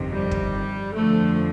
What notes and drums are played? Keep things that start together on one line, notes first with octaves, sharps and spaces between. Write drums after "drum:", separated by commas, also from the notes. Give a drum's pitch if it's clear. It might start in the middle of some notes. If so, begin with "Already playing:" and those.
Already playing: G1 F2 C3 D#3
G3
drum: kick
F2 D3 F3 A3